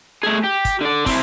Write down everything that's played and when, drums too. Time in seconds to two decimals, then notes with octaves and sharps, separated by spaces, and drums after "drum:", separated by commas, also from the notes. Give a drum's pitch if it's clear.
0.24 A3 G#4
0.44 G4
0.65 drum: kick, hi-hat
0.81 D3 D5
1.06 C4 E4, drum: kick, open hi-hat